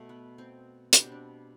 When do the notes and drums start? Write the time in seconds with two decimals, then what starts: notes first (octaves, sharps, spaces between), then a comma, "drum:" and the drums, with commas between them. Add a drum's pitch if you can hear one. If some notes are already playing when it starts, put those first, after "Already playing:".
Already playing: B2 A3
0.09 B3
0.38 C4
0.93 B2 G3 B3 D4, drum: hi-hat
1.02 C4
1.12 D4